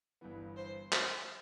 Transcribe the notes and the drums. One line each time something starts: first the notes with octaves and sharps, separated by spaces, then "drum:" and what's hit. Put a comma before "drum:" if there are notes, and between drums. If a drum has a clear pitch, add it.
G1 G2 E3 B3
C5
C5, drum: clap